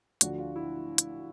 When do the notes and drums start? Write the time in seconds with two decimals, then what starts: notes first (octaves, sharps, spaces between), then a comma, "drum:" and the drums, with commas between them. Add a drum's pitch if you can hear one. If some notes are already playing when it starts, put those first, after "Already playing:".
0.21 D2 D3 F3 F#4, drum: hi-hat
0.38 F4
0.56 E4
0.98 drum: hi-hat